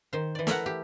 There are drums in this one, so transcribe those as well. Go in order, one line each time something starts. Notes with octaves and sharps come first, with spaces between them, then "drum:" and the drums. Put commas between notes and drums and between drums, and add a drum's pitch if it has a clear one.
D#3 C5
E3 D5
A3 E4 A#4 F#5, drum: snare
G4